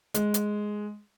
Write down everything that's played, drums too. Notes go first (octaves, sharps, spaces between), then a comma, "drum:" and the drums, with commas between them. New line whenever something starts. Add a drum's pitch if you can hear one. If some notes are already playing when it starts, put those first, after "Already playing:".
G#3, drum: hi-hat
drum: hi-hat